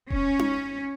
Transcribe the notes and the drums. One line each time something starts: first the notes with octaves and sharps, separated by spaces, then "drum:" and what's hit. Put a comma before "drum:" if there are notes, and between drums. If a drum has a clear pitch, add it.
C#4, drum: kick E1
drum: tom D#4